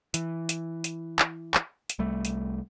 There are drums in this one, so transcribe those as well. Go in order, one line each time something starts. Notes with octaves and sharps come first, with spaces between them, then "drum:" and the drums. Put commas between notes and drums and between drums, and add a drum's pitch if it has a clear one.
E3, drum: hi-hat
drum: hi-hat
drum: hi-hat
drum: clap
drum: clap
drum: hi-hat
C2 G3 A3
drum: hi-hat